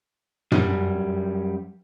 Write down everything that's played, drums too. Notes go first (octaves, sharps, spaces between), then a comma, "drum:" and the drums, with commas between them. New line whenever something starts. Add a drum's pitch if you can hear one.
F#2 G3, drum: tom